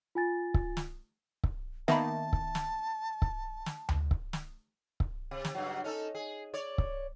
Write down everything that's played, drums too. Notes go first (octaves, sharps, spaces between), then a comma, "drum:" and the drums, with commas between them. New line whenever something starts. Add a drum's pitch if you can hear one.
F4 G#5 A6
drum: kick C#1
drum: snare
drum: kick C#1
D#3 A#3 B3 E5 A5 B5, drum: snare
drum: kick C#1
drum: snare
drum: kick C#1
drum: snare
drum: tom D2
drum: kick C#1
drum: snare
drum: kick C#1
C3
drum: snare
G2 C#3 F#3
C#4 D#4 A4
G#4
C#5 D5
drum: kick C#1